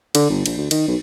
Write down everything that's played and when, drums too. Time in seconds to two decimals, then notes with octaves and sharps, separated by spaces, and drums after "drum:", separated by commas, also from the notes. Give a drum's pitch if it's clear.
0.15 D3, drum: cymbal
0.30 G1
0.46 A#1, drum: cymbal
0.58 D2
0.71 D#3, drum: cymbal
0.88 B1